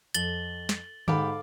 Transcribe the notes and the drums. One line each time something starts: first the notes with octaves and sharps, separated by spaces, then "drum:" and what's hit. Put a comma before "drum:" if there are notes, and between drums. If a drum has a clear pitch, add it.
F2 A6 F#7 G7, drum: hi-hat
drum: snare
G#2 G4 A4 F5 B5 D6, drum: tom D3